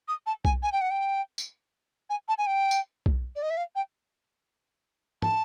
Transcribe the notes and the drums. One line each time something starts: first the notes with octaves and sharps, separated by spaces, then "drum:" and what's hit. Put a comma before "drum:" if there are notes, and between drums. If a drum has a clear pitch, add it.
D#6
A5
G#5, drum: kick
G#5
G5
F#5
G5
drum: tambourine
G#5
A5
G#5
G5
drum: tambourine
drum: kick
D5
D#5
E5
F5
G5
A5, drum: tom